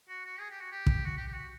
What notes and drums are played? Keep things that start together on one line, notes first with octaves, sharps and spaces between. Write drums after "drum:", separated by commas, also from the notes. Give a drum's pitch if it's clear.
F#4
F#4
G#4
G4
F#4
G4
drum: kick
F#4
G4
G4
F#4